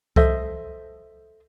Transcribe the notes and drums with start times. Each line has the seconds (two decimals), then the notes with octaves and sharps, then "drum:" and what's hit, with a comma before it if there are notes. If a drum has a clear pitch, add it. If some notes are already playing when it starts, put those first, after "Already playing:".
0.16 A4 C5 D#5 E5, drum: kick C2